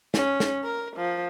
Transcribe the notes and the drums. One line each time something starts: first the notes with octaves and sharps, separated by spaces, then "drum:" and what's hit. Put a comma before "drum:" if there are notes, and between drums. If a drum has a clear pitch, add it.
C#4, drum: snare
drum: snare
A#4
F3